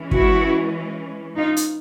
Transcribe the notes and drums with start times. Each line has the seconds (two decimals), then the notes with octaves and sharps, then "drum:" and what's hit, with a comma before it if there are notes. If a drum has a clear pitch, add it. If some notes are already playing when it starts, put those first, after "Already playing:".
Already playing: E3 G#3 C#4
0.11 E4 F#4, drum: kick
1.36 D#4 F4
1.57 drum: hi-hat